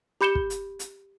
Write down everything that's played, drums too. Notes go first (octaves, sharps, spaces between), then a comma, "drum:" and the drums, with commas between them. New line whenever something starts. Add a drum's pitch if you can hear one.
G4 B5 G6 C#7 E7 G7
drum: kick
drum: hi-hat
drum: hi-hat